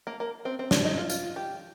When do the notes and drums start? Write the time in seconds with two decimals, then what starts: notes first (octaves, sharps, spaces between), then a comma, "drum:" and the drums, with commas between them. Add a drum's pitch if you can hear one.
0.07 A#3
0.20 A#3
0.45 C4
0.59 C4
0.71 D4, drum: snare
0.85 D#4
0.98 F4
1.10 F4, drum: tambourine
1.36 G4